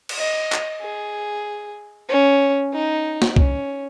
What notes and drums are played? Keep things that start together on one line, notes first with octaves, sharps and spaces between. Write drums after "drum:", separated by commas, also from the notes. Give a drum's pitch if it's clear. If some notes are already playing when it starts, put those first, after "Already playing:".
drum: cymbal
D#5
drum: clap
G#4
C#4
D#4
drum: snare
C#4, drum: kick C2